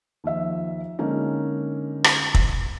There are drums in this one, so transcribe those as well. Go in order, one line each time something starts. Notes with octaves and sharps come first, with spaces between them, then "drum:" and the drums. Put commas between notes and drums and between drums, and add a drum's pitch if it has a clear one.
D#2 F3 E5
D3 G#3 A#3 C#4 D#4
drum: rim click
drum: kick